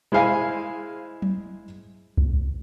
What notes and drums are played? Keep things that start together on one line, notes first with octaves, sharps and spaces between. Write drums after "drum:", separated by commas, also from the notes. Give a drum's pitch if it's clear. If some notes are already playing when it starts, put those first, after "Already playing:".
G#3 E4 C5 F5 G#5
drum: tom F#3
drum: kick C2